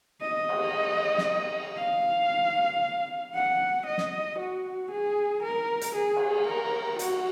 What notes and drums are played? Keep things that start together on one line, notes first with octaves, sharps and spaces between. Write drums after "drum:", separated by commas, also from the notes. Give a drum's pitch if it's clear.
D#5
drum: cymbal
drum: snare
F5
F#5
D#5
drum: snare
F#4
G#4
A#4
drum: hi-hat
G#4
drum: cymbal
A#4
F#4, drum: hi-hat